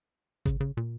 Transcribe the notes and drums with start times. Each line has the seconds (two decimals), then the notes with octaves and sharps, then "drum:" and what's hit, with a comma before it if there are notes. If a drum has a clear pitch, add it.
0.46 C#3, drum: kick G#1, hi-hat
0.60 C#3
0.77 A#2